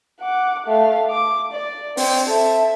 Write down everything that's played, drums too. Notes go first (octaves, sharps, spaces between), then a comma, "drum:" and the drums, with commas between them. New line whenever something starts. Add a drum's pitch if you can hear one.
F#5 D6
A3 F5
D6
D5
C4, drum: open hi-hat
A4 E5